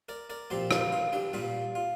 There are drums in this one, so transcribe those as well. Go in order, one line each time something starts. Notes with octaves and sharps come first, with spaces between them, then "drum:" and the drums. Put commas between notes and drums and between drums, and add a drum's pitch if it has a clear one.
A#4 D5
A#4 D5
A#2 F3 C4 G4 C5
F4 A#4, drum: rim click
F4
D4 G4
A#2 G3 A#3 F4
F4